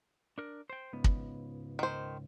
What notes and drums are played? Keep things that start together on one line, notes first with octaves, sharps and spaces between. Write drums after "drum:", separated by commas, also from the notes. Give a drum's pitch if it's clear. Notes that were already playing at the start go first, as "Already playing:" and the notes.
D4 A#4
C5 G5
C#2 G#2 B3
drum: kick
D#3 C5